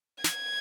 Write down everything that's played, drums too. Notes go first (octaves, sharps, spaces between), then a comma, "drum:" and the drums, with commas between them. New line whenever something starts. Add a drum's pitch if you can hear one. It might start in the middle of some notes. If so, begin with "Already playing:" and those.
G#6, drum: snare